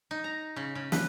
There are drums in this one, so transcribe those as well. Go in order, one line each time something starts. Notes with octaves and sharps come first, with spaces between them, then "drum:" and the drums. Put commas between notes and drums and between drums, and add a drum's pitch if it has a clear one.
D#4
A#5
C#3
C#3
B4, drum: snare